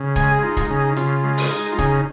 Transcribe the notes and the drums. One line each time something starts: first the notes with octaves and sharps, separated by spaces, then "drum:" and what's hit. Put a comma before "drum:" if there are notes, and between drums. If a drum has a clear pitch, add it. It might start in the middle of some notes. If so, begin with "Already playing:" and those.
Already playing: C#3
G#3 G#5, drum: kick, hi-hat
G#4
D#4 F4
drum: kick, hi-hat
C#3 G#4
C#3 F4, drum: hi-hat
G#3
drum: open hi-hat
D#4
F4
C#3 G#4, drum: kick, hi-hat